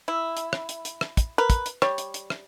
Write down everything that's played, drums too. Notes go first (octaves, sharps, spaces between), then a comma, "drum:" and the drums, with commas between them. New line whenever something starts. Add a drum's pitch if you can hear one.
E4
drum: hi-hat
drum: rim click
drum: hi-hat
drum: hi-hat
drum: rim click
drum: kick, hi-hat
A#4 B4
drum: kick, hi-hat
drum: hi-hat
G3 C#5, drum: rim click
drum: hi-hat
drum: hi-hat
drum: rim click